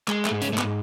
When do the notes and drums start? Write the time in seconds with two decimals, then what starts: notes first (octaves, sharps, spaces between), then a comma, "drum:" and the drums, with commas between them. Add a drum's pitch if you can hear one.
0.08 G#3, drum: clap
0.25 A3, drum: clap
0.30 G#2
0.42 C#4, drum: hi-hat
0.53 G#2 A3
0.58 B3, drum: clap